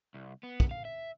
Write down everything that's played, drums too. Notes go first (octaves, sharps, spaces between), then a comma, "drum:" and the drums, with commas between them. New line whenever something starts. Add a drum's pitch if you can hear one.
C2
B3
drum: kick
F5
E5